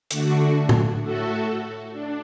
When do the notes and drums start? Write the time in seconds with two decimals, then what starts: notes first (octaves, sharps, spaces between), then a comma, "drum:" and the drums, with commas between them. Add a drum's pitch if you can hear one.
0.10 D3 A3 D4 F#4, drum: hi-hat
0.69 drum: tom
1.01 A2 A3 F#4 A4
1.93 D4